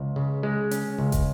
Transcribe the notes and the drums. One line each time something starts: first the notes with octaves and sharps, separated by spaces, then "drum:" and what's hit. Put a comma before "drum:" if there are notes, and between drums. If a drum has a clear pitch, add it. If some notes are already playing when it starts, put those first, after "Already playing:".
Already playing: C#2
C#3
G#3
C#4, drum: hi-hat
C#2
drum: kick, hi-hat